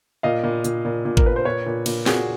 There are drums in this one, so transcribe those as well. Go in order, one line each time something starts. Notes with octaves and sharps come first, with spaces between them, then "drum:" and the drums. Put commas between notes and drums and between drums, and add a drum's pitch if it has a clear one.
A#2 D#5 F5
A#2
A#2, drum: hi-hat
A#2
A#2
A#4, drum: kick G#1
A#2 B4
C5
A#2 B4 C#5
A#2
A#2, drum: cymbal
A#2 F#4 G#4, drum: snare B3